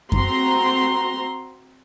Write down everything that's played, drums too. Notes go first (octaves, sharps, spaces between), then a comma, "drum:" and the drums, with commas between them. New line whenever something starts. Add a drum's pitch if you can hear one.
C4 F#4 A#5 C6, drum: kick F#2